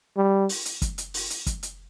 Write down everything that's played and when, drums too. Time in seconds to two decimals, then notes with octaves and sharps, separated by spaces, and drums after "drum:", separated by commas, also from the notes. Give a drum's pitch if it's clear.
0.17 G3
0.49 drum: open hi-hat
0.65 drum: hi-hat
0.82 drum: kick F#1, hi-hat
0.98 drum: hi-hat
1.14 drum: open hi-hat
1.30 drum: hi-hat
1.46 drum: kick F#1, hi-hat
1.63 drum: hi-hat